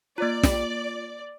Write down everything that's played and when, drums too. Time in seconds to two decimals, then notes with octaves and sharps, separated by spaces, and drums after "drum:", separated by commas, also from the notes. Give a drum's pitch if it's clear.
0.18 A#3 F4 D5
0.43 drum: snare